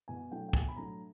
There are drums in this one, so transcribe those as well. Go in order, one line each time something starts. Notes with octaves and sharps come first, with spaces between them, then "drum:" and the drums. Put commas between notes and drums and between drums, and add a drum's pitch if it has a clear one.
B2 G#5
F#3 A3 D4 G5
G5
B2 G#5, drum: kick
B5
F#3 A3 D4 A#5